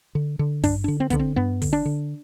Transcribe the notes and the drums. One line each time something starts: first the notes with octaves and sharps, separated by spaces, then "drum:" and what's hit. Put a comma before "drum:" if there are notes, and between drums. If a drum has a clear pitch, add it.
D3
D3
G2 D4, drum: kick, open hi-hat
D3 D4
C4
D3 B3, drum: kick, hi-hat
C4
G2 B3
D3, drum: kick, open hi-hat
D4
D3